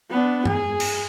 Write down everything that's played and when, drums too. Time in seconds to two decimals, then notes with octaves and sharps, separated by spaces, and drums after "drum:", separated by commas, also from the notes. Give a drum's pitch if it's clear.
0.10 B3 D4
0.45 G#4, drum: tom G2
0.80 drum: cymbal